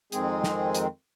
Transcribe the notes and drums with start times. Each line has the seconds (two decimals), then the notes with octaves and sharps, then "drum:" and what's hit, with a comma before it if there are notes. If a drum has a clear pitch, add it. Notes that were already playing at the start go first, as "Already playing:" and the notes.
0.12 F2 D#3 G#3 C4 G#4, drum: hi-hat
0.44 drum: snare
0.75 drum: hi-hat